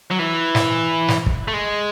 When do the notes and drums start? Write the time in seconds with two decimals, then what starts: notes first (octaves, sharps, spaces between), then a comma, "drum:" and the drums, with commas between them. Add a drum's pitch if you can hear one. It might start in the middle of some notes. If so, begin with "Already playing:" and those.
0.10 F#3
0.19 E3
0.55 drum: snare
1.08 drum: snare
1.26 drum: kick
1.48 A3
1.54 G#3